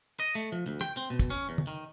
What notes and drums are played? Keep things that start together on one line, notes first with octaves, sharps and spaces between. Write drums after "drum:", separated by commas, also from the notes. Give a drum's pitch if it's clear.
D#5
A3
F3
D2
G5, drum: rim click
C4
B2
drum: kick, hi-hat
C#4
E2
drum: tom
D#3